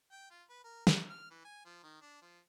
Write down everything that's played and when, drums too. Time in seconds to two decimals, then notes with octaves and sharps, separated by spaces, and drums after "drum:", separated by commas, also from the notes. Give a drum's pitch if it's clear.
0.11 G5
0.30 F4
0.49 B4
0.64 A#4
0.87 D#4, drum: snare
1.10 F6
1.31 E3
1.45 G#5
1.65 F3
1.83 D#3
2.02 D4
2.22 F3